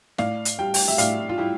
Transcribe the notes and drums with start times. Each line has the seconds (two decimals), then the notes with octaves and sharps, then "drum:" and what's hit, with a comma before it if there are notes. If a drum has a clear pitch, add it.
0.18 A2 D5 F5, drum: snare
0.45 drum: hi-hat
0.59 G3 G5
0.74 G5, drum: open hi-hat
0.88 E5 G5
0.98 A2 D5 F5, drum: hi-hat
1.29 F4
1.38 G3 E4 G4